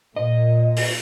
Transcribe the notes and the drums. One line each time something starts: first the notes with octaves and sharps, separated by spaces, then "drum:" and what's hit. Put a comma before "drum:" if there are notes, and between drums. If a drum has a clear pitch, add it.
A#2 D#5
drum: open hi-hat